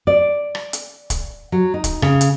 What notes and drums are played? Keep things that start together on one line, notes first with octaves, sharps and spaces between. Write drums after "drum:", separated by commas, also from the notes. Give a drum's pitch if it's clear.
D5
drum: rim click
drum: hi-hat
drum: kick, hi-hat
F#3
D#4
drum: kick, hi-hat
C#3, drum: rim click
drum: hi-hat